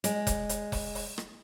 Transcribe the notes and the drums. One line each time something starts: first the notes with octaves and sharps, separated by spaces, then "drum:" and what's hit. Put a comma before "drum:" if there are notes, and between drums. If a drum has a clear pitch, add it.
G#3, drum: hi-hat
drum: kick F1, hi-hat
drum: hi-hat
drum: kick F1, open hi-hat
drum: open hi-hat
drum: rim click